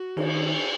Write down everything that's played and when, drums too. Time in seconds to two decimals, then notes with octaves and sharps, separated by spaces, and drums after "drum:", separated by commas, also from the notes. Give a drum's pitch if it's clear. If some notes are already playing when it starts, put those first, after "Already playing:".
Already playing: F#4
0.17 D#3, drum: cymbal